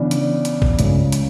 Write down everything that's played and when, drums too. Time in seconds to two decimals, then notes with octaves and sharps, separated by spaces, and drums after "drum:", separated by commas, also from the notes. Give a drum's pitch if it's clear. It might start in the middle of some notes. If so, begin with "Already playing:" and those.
Already playing: C#3 E3 B3 D4
0.11 drum: hi-hat
0.45 drum: hi-hat
0.62 drum: kick A1
0.79 C#2 C#3 G#3 C#4, drum: hi-hat
1.12 drum: hi-hat